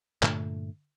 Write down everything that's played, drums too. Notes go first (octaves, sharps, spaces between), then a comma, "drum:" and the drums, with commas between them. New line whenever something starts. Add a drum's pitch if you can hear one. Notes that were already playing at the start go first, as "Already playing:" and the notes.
G2 A#2 D3 A3, drum: clap